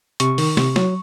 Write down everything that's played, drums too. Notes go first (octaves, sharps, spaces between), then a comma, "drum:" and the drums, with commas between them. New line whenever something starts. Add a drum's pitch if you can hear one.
C3 C#6, drum: hi-hat
D#3, drum: open hi-hat
C3, drum: snare
F#3, drum: snare